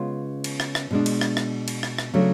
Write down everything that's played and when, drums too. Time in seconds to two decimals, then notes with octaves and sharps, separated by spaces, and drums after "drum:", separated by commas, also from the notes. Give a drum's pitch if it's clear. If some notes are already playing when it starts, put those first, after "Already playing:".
Already playing: C#3 G#3 B3 F4
0.44 drum: cymbal
0.60 drum: rim click
0.75 drum: rim click
0.91 B2 G#3 D4
1.06 drum: cymbal
1.21 drum: rim click
1.37 drum: rim click
1.68 drum: cymbal
1.83 drum: rim click
1.98 drum: rim click
2.14 C#3 F#3 A3 D4